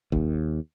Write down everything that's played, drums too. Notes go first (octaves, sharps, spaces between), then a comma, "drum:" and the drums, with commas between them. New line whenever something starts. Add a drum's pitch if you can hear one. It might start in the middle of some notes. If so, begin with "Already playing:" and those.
D#2, drum: kick